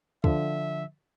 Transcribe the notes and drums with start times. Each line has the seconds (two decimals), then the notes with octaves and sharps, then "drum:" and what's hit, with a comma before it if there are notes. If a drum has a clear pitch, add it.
0.24 D3 F3 E5, drum: kick